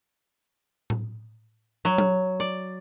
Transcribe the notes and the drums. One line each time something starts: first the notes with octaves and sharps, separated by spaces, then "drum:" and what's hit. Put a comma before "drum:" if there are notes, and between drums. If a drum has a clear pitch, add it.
drum: tom A2
F#3
drum: tom F#3
D5